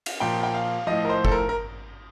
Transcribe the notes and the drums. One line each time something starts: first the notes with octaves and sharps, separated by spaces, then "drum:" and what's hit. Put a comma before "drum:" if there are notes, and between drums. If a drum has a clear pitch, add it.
drum: cymbal
A#2 F3 G5
G5
F5
A2 F3 D#5
A#4
C5
A4, drum: kick F#1
A#4
A#4